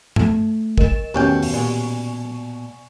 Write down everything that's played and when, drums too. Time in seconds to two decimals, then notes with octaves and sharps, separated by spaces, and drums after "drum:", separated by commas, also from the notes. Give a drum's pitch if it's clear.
0.16 A3, drum: tom G2
0.78 A#4 D#5 E7, drum: kick
1.15 A1 E2 B2 D#3 C#4 G4 G5
1.43 drum: open hi-hat
1.54 A#2 D5 G#5 C#6